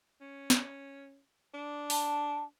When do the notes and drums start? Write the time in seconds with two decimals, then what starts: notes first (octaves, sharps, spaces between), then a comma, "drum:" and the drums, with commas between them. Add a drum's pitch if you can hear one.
0.21 C#4
0.50 drum: snare
1.54 D4
1.90 A5, drum: open hi-hat